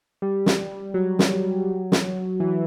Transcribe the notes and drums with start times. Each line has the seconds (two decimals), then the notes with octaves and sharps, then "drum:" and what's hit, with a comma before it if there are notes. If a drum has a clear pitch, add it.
0.22 G3
0.46 drum: snare
0.94 F#3
1.19 drum: snare
1.92 drum: snare
2.40 E3